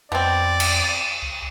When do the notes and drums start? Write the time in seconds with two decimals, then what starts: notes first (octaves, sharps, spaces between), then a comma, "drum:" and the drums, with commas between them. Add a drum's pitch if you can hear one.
0.12 F2 B2 C4 D5
0.60 drum: cymbal
1.22 C#2